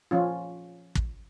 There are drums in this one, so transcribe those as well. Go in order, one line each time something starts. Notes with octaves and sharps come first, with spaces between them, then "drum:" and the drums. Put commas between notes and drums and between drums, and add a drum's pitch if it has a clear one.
F3 C#4 F4
drum: kick